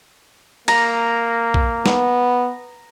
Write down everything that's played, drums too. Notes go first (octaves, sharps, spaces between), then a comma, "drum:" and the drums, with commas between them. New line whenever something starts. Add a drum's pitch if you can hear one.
A#3 A#5, drum: cymbal
drum: kick
B3, drum: snare